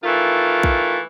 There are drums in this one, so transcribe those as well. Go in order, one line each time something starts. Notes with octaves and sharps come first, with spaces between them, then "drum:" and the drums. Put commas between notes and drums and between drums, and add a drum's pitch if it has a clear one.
D#3 E3 A3 F4
drum: kick